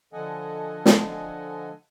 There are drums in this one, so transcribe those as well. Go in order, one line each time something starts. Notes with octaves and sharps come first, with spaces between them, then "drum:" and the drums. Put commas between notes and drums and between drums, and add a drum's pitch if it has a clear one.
D3 F3 A4 D#5 F#5 G#5
drum: snare